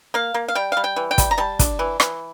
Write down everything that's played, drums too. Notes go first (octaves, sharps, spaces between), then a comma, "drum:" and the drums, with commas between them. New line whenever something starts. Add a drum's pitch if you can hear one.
A#3 F5
A#3
F5
G3 G5
G3 F5
G5
E3
G5
G3, drum: kick, hi-hat
A#5
G3 A5
D4, drum: kick, hi-hat
E3
E3, drum: rim click